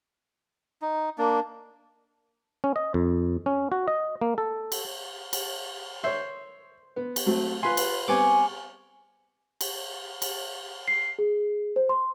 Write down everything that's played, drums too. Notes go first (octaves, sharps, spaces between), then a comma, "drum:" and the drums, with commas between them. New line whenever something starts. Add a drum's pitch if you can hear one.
D#4
A#3 D4
C#4
D#5
F2
C#4
F#4
D#5
A#3
A4
drum: cymbal
drum: cymbal
C5 C#5 E5
B3
drum: cymbal
F#3 A3 C4
F4 B4 G#5 C6
drum: cymbal
G3 B3 C4 G#5 C#6 D6
drum: cymbal
drum: cymbal
C7
G#4
C5
C6